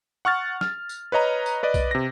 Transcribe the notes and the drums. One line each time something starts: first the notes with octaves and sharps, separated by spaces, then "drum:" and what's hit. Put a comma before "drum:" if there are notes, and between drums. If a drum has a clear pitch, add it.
F#5 C#6 F6 A6
F6, drum: snare
drum: tambourine
B4 C#5 D#5 A#5
drum: tambourine
B4 D5 D#5
drum: kick B1, tambourine
C3 A#6